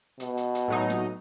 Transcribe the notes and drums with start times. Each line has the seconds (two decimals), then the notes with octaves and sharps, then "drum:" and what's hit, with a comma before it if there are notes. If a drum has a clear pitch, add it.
0.20 B2, drum: hi-hat
0.37 drum: hi-hat
0.55 drum: hi-hat
0.68 A2 F#3 D#4
0.90 drum: snare